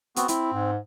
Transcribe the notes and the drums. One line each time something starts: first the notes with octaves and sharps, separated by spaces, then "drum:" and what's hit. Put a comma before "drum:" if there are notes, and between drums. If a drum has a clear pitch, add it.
B3 C4 F#4, drum: hi-hat
C4 E4, drum: hi-hat
G#2